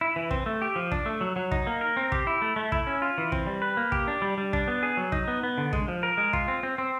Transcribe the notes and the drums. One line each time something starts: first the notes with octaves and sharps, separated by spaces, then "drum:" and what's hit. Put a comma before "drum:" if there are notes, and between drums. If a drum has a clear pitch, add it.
E4
E3
C4, drum: kick
A3
G4
F3
D4, drum: kick
A3
F#3
F#3
D#4, drum: kick
A#3
A#4
C4
G4, drum: kick
E4
A3
A3
E4, drum: kick
C#4
F4
E3
C4, drum: kick
G3
B4
A#3
G4, drum: kick
D4
G3
G3
D4, drum: kick
B3
G#4
F#3
D#4, drum: kick
B3
B3
D3
G#3, drum: kick
F3
A#4
G#3
F4, drum: kick
C4
C4
C4